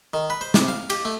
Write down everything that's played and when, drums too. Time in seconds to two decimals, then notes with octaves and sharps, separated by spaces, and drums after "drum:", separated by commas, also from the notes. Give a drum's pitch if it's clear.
0.14 D#3
0.30 B4
0.41 C5
0.54 C3, drum: snare
0.68 F5
0.90 G4, drum: cymbal
1.05 A3